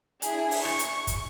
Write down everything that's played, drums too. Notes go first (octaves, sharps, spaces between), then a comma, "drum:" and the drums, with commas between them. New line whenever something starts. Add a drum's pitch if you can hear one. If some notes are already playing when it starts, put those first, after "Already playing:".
D4 E4 G#4, drum: hi-hat
drum: open hi-hat
C#6, drum: rim click
drum: hi-hat
drum: kick, hi-hat